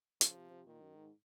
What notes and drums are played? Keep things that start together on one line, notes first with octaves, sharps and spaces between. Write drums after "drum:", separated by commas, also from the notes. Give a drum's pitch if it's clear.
C#3 F3, drum: hi-hat
C3
C3
A#2 D#3
F#2
G#2